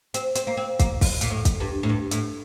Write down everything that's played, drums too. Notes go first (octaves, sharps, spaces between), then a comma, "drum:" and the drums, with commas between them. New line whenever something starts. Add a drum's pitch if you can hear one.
C4, drum: hi-hat
C4, drum: hi-hat
A#3
C4
A#3, drum: kick, hi-hat
drum: kick, open hi-hat
A#2, drum: hi-hat
A2
drum: kick, hi-hat
G2
A2
G2
A2, drum: hi-hat